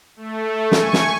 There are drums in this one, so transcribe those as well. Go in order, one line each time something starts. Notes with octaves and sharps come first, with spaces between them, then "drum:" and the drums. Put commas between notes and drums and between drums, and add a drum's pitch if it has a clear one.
A3
G#5 C#6, drum: snare
drum: snare